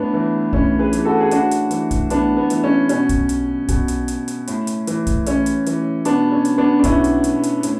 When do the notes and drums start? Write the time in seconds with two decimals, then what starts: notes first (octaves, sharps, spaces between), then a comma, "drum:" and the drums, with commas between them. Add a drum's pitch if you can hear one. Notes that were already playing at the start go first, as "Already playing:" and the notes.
Already playing: A2 B3 D4
0.14 E3
0.53 A2 C#4, drum: kick
0.79 G#4 B4
0.93 E3, drum: hi-hat
1.05 F#4 A4
1.20 G#4
1.31 A2 D4 F#4, drum: hi-hat
1.51 drum: hi-hat
1.71 E3, drum: hi-hat
1.91 drum: kick, hi-hat
2.10 A2 B3 D4, drum: hi-hat
2.37 B3
2.50 E3, drum: hi-hat
2.63 C#4
2.89 B2 C#4, drum: hi-hat
3.09 drum: kick, hi-hat
3.29 drum: hi-hat
3.69 B2, drum: kick, hi-hat
3.88 drum: hi-hat
4.08 drum: hi-hat
4.28 drum: hi-hat
4.48 A2, drum: hi-hat
4.67 drum: hi-hat
4.87 E3, drum: hi-hat
5.07 drum: kick, hi-hat
5.26 A2 C#4, drum: hi-hat
5.46 drum: hi-hat
5.66 E3, drum: hi-hat
6.05 B2 B3 D4, drum: hi-hat
6.32 C#4
6.45 drum: hi-hat
6.57 B3 D4
6.79 D4
6.84 B2 C#4 E4, drum: kick, hi-hat
7.04 drum: hi-hat
7.24 drum: hi-hat
7.43 drum: hi-hat
7.63 A2, drum: hi-hat